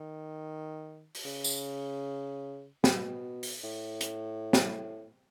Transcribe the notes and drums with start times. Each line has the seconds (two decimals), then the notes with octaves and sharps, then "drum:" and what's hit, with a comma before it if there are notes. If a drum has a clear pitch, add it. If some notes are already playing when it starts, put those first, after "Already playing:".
Already playing: D#3
1.15 drum: open hi-hat
1.25 C#3
1.44 drum: tambourine
2.84 B2, drum: snare
3.43 drum: open hi-hat
3.64 A2
4.01 drum: hi-hat
4.53 drum: snare